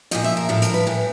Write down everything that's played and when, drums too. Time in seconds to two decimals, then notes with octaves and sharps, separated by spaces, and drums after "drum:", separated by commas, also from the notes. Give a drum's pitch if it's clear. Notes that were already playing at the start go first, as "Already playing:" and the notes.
0.11 A#2 F3 D#5, drum: hi-hat
0.24 E5
0.37 A#4
0.49 A2 F3 A4
0.62 A#4, drum: hi-hat
0.74 B4
0.87 A2 E3